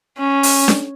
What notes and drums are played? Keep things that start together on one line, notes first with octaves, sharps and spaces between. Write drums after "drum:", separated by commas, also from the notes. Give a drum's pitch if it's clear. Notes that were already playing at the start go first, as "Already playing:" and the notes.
C#4
drum: open hi-hat
drum: snare D4